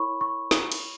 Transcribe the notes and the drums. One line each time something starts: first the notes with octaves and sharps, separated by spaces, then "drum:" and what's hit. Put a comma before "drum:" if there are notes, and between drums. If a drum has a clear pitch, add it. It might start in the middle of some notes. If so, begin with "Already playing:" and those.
Already playing: E4 A#4 C#5 B5 C#6
C#6
drum: snare
drum: cymbal